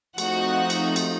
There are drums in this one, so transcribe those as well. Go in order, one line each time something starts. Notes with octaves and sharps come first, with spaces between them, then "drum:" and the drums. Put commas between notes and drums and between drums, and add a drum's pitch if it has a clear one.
F3 A3 C4 D#4 F#4 F#5, drum: cymbal
drum: cymbal
drum: cymbal